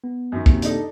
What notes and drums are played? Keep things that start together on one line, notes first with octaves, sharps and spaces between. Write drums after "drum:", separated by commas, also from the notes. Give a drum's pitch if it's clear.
B3
F#2 D#3
C3 A#3, drum: kick
D4 D#4 A4, drum: hi-hat